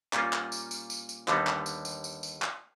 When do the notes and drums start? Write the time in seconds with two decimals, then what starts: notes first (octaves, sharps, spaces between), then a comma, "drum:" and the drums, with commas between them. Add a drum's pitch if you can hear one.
0.13 A#2 G3 A#3 C#4 F4, drum: clap
0.33 drum: clap
0.52 drum: tambourine
0.71 drum: tambourine
0.90 drum: tambourine
1.09 drum: tambourine
1.28 D#2 D3 G3 B3 D#4, drum: clap
1.47 drum: clap
1.66 drum: tambourine
1.85 drum: tambourine
2.04 drum: tambourine
2.23 drum: tambourine
2.42 drum: clap